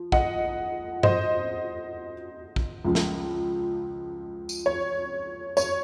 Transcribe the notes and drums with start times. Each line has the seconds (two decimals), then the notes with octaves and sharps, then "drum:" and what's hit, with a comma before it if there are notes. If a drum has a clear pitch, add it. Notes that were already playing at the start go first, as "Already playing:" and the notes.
Already playing: F3
0.12 D#5 F#5, drum: kick
1.03 C5 D#5, drum: tom G2
2.56 drum: kick
2.85 C#2 C#3 F3
2.95 drum: snare
4.49 drum: tambourine
4.66 C#5
5.57 C#5, drum: tambourine